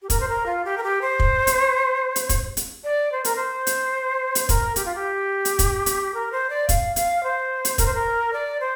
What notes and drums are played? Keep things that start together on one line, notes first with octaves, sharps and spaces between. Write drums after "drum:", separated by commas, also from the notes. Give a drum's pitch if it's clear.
G4
A#4, drum: kick, hi-hat
C5
A#4
F4
G4
A#4
G4
C5
drum: kick
drum: hi-hat
drum: hi-hat
drum: kick, hi-hat
drum: hi-hat
D5
C5
A#4, drum: hi-hat
C5
drum: hi-hat
drum: hi-hat
A#4, drum: kick, hi-hat
G4, drum: hi-hat
F4
G4
drum: hi-hat
drum: kick, hi-hat
drum: hi-hat
A#4
C5
D5
F5, drum: kick, hi-hat
F5, drum: hi-hat
C5
drum: hi-hat
A#4, drum: kick, hi-hat
C5
A#4
D5
C5